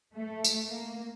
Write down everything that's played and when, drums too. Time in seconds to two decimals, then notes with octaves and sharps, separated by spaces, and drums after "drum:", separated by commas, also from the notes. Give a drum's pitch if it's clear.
0.14 A3
0.44 drum: tambourine
0.66 A#3